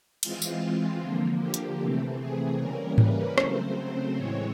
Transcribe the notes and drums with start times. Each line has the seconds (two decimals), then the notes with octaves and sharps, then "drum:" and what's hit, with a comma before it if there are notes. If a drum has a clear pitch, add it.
0.23 E3 G#3 C4 F4, drum: cymbal
0.42 drum: tambourine
1.01 D3 F3 A#3
1.41 G4
1.54 drum: hi-hat
1.80 C3 E3 A3 C4
2.19 G#4
2.59 C#3 E3 G3 A#3 C#4 A#4
2.98 B4, drum: tom G#2
3.38 C#3 F#3 A3 C4 C5, drum: rim click
4.16 A2 E3 G#3 C4 C#5